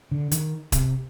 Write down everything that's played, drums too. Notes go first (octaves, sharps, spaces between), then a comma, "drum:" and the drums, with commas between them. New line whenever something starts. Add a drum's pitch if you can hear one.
D3
D#3, drum: hi-hat
C3, drum: kick D#1, hi-hat